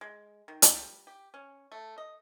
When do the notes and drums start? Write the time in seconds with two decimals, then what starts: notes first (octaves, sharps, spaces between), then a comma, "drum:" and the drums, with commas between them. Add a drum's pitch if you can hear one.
0.01 G#3
0.48 D#3
0.62 drum: hi-hat
0.75 G3
1.07 G4
1.34 C#4
1.72 A3
1.98 D#5